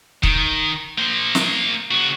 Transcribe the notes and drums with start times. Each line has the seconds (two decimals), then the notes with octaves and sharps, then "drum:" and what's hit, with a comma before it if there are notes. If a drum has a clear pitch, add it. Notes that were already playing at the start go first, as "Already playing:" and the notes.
0.23 D#3, drum: kick
0.98 A#3 C5
1.35 drum: snare
1.91 C#3 F#4